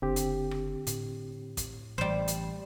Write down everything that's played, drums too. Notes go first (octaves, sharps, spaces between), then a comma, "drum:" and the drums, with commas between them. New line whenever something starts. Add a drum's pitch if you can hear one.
F#1 D3 C4 G4
drum: hi-hat
drum: rim click
A2, drum: hi-hat
drum: kick, hi-hat
A1 G3 C5
drum: hi-hat